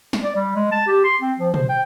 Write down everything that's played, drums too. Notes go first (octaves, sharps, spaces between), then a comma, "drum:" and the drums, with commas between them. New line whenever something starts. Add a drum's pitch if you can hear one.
drum: snare
D5
G3
G#3
A5
G4
C6
C4
F3
C5, drum: tom
G5